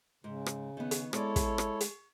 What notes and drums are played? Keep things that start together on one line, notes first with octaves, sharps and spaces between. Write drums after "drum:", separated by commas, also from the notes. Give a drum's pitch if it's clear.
G#2 C#3
drum: rim click
D#3 B3
drum: hi-hat
G#3 E4 A4 C#5 D5, drum: rim click
drum: kick, hi-hat
drum: rim click
drum: hi-hat